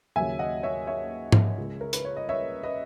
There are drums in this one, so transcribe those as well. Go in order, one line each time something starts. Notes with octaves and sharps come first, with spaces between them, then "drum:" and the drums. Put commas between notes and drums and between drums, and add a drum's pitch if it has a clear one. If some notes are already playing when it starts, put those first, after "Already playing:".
D#2 C#3 F#3 E5 G#5
D#5 F#5
C#5 E5
C#5 E5
drum: tom G#2
C#2 C#3 G#3
A#4
B4, drum: hi-hat
C#5
D#5
C#5 E5
B4 D#5